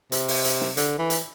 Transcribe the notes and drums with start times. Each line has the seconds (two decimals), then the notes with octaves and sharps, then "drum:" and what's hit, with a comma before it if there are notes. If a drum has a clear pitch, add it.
0.12 C3, drum: hi-hat
0.28 drum: open hi-hat
0.45 drum: hi-hat
0.61 drum: snare
0.77 D3, drum: hi-hat
0.99 E3
1.10 drum: hi-hat